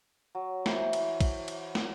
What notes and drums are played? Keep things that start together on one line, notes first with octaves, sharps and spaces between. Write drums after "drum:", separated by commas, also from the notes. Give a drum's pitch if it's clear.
F#3
E3 C5 A#5 D6, drum: snare
drum: cymbal
drum: kick, cymbal
drum: cymbal
drum: snare